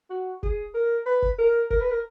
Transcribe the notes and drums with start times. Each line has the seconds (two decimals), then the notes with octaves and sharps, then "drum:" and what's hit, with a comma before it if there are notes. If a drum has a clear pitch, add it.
0.10 F#4
0.43 G#4, drum: kick F#1
0.74 A#4
1.06 B4
1.22 drum: kick F#1
1.38 A#4
1.70 A#4, drum: kick F#1
1.80 B4
1.90 A#4